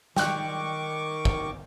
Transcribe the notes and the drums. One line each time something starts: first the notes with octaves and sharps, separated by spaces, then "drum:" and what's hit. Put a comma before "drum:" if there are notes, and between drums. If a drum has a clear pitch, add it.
D#3 G5 C#6 D6 F#6, drum: snare
drum: kick